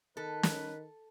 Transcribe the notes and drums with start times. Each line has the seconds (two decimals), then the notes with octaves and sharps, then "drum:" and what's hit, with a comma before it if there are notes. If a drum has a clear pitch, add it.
0.17 D#3 A4 B4
0.43 drum: snare